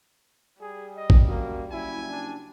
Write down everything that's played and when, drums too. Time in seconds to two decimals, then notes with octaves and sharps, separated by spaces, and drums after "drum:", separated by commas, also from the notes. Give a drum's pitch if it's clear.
0.61 G3 G#4
0.97 D#5
1.10 drum: kick
1.28 F#2 A#3
1.72 F#1 E4 G#5
2.10 D4